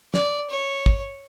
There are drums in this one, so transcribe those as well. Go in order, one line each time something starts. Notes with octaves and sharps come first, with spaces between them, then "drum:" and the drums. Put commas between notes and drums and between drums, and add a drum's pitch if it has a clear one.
D5, drum: snare
C#5
drum: kick